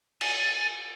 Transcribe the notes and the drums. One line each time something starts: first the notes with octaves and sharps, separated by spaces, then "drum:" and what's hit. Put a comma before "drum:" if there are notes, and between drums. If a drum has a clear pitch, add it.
G#5 A6, drum: cymbal